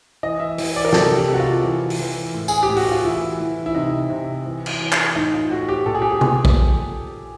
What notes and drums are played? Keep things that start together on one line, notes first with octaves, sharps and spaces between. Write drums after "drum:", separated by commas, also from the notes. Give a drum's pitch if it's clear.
E3 D#5
E5
E3, drum: open hi-hat
D5
A#4
C3 A4, drum: snare
G4
C3
F#4
F4
E3
drum: open hi-hat
E3
A2
G#4, drum: tambourine
G4
A2
F#4, drum: open hi-hat
F4
E3 E4
E3
E4
C3 D#4
C3
E3
drum: cymbal
E3
drum: clap
A2 D#4
F4
A2 F#4
G4
A#2 A4
G#4
G4
G#4
A#2 G#4, drum: tom C3
drum: kick